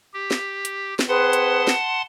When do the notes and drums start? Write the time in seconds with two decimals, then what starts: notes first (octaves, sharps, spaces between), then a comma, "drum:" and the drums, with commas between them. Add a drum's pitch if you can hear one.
0.14 G4
0.31 drum: snare
0.65 drum: hi-hat
0.99 drum: snare
1.08 C4 G#4 B4 F#5 A5 C6
1.33 drum: hi-hat
1.67 drum: snare